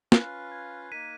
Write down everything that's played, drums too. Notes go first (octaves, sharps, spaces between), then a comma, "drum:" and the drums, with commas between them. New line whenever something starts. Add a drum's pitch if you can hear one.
C#4 F4 B4 F5 F#6, drum: snare
G#6
A#3 D#4 A#4 B6 D#7